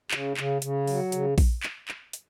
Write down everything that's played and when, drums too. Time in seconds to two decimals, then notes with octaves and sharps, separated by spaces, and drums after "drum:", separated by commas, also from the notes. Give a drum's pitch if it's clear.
0.11 C#3, drum: clap
0.37 C#3, drum: clap
0.62 C#3, drum: hi-hat
0.87 F#3, drum: open hi-hat
1.12 C#3, drum: hi-hat
1.38 drum: kick A#1, open hi-hat
1.63 drum: clap
1.88 drum: clap
2.13 drum: hi-hat